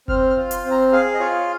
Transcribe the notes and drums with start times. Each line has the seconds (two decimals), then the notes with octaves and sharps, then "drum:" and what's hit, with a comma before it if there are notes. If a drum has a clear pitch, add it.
0.08 C4 F6, drum: kick F#1
0.30 F6
0.36 F4
0.51 C6, drum: hi-hat
0.64 C4
0.71 A#5
0.92 G#4 F5
1.14 D#5
1.20 F4 C#5